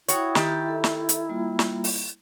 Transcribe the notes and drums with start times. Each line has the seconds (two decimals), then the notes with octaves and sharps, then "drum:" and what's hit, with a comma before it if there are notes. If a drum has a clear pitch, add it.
0.08 E4 F#4 C#5 G5 D#6, drum: hi-hat
0.35 D#3 G4, drum: snare
0.66 A4 E5
0.84 drum: snare
1.09 drum: hi-hat
1.29 G3 A#3 F4
1.59 drum: snare
1.84 drum: open hi-hat